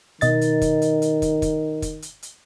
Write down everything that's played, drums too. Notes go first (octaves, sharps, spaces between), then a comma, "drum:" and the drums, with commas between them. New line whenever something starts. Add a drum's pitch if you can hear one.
B2 D#3 D#5 A6, drum: hi-hat
drum: hi-hat
drum: kick, hi-hat
drum: hi-hat
drum: hi-hat
drum: kick, hi-hat
drum: kick, hi-hat
drum: kick, hi-hat
drum: hi-hat
drum: hi-hat